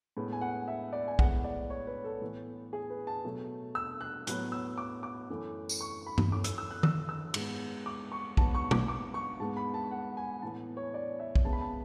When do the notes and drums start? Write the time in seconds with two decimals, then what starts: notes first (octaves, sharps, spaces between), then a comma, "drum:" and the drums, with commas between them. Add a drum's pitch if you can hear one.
0.17 A2 G#3 B3
0.32 G#5
0.41 F#5
0.68 E5
0.93 D5
1.08 G#5
1.19 A2 G#3 B3 F#5, drum: kick
1.44 D5
1.70 C#5
1.87 B4
2.04 A4
2.22 A2 E3 B3
2.73 G#4
2.90 B4
3.07 A5
3.24 B2 F#3 A3
3.75 E6
4.01 F#6
4.27 A2 F#3 B3 F#6, drum: hi-hat
4.52 E6
4.78 D6
5.03 D6
5.29 F#2 E3 A3
5.69 drum: tambourine
5.81 C#6
6.06 B5
6.18 drum: tom G2
6.32 F#2 E3 A3 D6
6.44 E6, drum: hi-hat
6.58 E6
6.71 F#6
6.83 E6, drum: tom D#3
7.09 E6
7.34 G#2 G#3 B3, drum: cymbal
7.86 D6
8.12 C#6
8.37 G#2 F#3 B3 A5, drum: kick
8.55 C#6
8.71 D6, drum: tom
8.88 D6
9.14 C#6
9.40 G#2 G#3 B3 A5
9.57 B5
9.74 A5
9.91 F#5
10.17 G#5
10.42 A2 E3 B3 A5
10.77 C#5
10.94 D5
11.20 E5
11.36 drum: kick
11.45 C#3 G#3 B3 A5
11.53 B5
11.61 A5